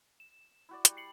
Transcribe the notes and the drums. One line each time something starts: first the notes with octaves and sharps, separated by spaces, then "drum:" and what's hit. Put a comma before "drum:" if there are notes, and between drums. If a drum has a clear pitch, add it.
E7
E4 F#4 D5
G3, drum: hi-hat
C7 C#7 F#7